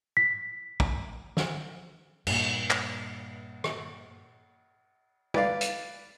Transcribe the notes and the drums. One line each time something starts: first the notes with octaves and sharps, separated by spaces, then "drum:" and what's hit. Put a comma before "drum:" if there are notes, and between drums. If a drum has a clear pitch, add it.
B6
drum: kick
drum: snare
G2 A#2, drum: cymbal
drum: clap
drum: rim click
B4 D5 F5, drum: tom
drum: hi-hat